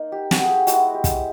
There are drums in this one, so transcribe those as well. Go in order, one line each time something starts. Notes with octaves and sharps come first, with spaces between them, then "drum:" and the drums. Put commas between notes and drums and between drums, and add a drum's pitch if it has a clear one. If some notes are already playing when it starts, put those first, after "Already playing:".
Already playing: A#3 D#4
G4
F#4, drum: snare
G4 G#4
G#3 B3 E4 F#4, drum: hi-hat
G4
drum: kick, hi-hat